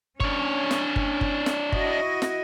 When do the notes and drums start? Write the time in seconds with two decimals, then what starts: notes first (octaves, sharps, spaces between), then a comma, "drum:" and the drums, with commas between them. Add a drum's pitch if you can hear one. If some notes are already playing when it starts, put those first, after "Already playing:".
0.20 C#4 D4 C#5, drum: kick
0.71 drum: snare
0.96 drum: kick
1.21 drum: kick
1.46 drum: snare
1.72 E4 F#4 D#5, drum: kick
2.22 drum: snare